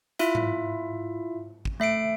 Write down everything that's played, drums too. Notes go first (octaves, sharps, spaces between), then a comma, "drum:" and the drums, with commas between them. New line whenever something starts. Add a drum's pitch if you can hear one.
E4 F4 E5, drum: hi-hat
drum: tom G#2
drum: kick
A3 E5 C7 D7